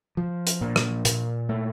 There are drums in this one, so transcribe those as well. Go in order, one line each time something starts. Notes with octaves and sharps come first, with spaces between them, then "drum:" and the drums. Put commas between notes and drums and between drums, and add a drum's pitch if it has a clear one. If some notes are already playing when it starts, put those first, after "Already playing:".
F3
drum: hi-hat
A#2
drum: rim click
A#2, drum: hi-hat
A3